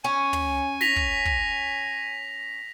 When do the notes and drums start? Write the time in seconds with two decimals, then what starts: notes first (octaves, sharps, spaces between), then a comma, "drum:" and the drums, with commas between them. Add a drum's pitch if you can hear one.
0.04 C#4 G#5
0.33 drum: tom
0.81 A#6 B6 F7, drum: snare
0.96 drum: kick
1.25 drum: kick